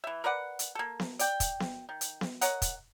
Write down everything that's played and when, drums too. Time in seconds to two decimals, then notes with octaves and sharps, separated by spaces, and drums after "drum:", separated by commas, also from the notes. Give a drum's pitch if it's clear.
0.04 E3 E5
0.24 A#4 B4 D5 F#5
0.59 drum: hi-hat
0.75 A#3 A4
1.00 drum: snare B3
1.19 D5 G5, drum: hi-hat
1.40 drum: kick, hi-hat
1.60 drum: snare B3
1.89 D#3
2.01 drum: hi-hat
2.21 drum: snare B3
2.41 A#4 C#5 D#5 F#5, drum: hi-hat
2.62 drum: kick, hi-hat